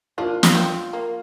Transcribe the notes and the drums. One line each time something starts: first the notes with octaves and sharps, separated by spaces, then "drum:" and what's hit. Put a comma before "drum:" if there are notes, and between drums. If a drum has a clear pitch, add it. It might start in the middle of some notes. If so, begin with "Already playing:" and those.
A#3 D4 F4
drum: snare
C4
A#3